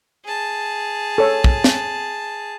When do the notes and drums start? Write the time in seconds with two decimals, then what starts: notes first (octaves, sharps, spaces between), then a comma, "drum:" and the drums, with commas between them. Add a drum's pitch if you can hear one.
0.24 G#4 A5
1.18 A4 C#5
1.44 drum: kick
1.64 drum: snare